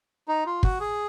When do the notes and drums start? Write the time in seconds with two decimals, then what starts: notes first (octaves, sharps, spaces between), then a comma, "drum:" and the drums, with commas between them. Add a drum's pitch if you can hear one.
0.28 D#4
0.46 F4
0.63 F#4, drum: kick
0.80 G#4